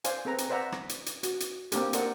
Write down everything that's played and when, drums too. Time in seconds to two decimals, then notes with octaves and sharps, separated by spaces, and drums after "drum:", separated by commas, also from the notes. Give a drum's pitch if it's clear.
0.04 C5 D5 F5 G#5, drum: hi-hat
0.25 C4 G#4 A4 B4 A#5
0.38 drum: hi-hat
0.49 B4 C5 D5 E5 F#5 A#5
0.72 drum: rim click
0.89 drum: hi-hat
1.06 drum: hi-hat
1.23 F#4, drum: hi-hat
1.40 drum: hi-hat
1.72 A#3 C4 D4 G4 A4, drum: hi-hat
1.93 A4 A#4 C5 D5 F#5, drum: hi-hat